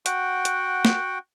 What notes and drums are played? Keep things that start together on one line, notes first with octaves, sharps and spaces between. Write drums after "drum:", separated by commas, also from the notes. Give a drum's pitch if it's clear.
F#4 F#5 G5, drum: hi-hat
drum: hi-hat
drum: snare